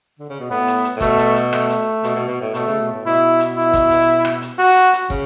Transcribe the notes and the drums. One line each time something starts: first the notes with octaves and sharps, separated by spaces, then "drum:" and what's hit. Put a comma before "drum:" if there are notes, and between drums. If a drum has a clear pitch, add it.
D3
C#3
B2
A2 B3
drum: hi-hat
drum: hi-hat
A2
B2 A3, drum: kick, hi-hat
drum: hi-hat
drum: hi-hat
A3, drum: rim click
drum: hi-hat
B2, drum: hi-hat
B2
B2
A2
B2 A3, drum: hi-hat
C#3
B2
A2
B2 E4
drum: hi-hat
E4
drum: kick, hi-hat
drum: hi-hat
drum: rim click
drum: hi-hat
F#4
drum: hi-hat
drum: hi-hat
C#3, drum: kick